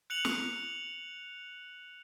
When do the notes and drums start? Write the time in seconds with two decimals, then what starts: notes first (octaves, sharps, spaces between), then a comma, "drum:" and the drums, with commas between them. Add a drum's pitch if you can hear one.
0.10 F#6 C#7 F7 F#7
0.25 drum: snare